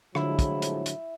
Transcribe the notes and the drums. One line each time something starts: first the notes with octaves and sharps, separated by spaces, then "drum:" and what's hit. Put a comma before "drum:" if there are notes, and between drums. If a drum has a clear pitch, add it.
A2 D3 F3 F#3 G#3 E4, drum: rim click
drum: kick, hi-hat
drum: hi-hat
drum: hi-hat